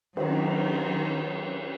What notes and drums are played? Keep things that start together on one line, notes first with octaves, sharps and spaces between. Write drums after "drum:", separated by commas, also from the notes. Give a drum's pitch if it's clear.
D#3 F#3 C4, drum: cymbal